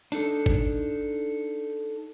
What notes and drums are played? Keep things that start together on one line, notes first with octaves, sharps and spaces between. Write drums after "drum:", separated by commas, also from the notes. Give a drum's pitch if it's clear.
D4 D#4 A4, drum: open hi-hat
drum: kick